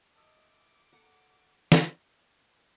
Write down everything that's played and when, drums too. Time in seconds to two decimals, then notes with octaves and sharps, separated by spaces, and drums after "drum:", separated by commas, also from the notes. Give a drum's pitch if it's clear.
0.15 A4 D#5 E5 D6
0.93 A#3 A4 F#5 A#5
1.72 drum: snare